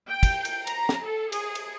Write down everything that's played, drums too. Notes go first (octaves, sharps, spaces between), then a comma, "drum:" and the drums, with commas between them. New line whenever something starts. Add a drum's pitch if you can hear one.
G5
drum: kick, cymbal
drum: cymbal
A#5, drum: cymbal
drum: snare
A4
G#4, drum: cymbal
drum: cymbal